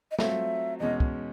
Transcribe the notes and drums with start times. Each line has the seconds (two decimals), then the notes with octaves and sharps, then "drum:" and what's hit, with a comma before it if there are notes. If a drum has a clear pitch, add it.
0.11 D#5
0.19 F#3 A3 C4 F4 E5, drum: snare
0.80 E2 B2 G#3 C#4 D#5
1.00 drum: kick